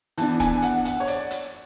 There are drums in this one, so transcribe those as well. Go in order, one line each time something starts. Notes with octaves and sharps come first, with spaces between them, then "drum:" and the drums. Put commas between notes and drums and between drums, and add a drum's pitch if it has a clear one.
E3 B3 D4 A5, drum: hi-hat
G#5, drum: kick, hi-hat
F#5, drum: hi-hat
F#5, drum: hi-hat
C#5
D5, drum: hi-hat
drum: hi-hat